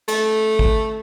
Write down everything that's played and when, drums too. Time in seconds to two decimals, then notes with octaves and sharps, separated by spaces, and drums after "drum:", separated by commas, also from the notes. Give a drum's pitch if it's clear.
0.08 A3, drum: cymbal
0.59 drum: kick